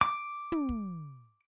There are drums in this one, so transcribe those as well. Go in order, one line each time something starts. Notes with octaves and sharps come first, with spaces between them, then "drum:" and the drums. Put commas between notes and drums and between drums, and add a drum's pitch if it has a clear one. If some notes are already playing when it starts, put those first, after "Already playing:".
D6
drum: tom
drum: kick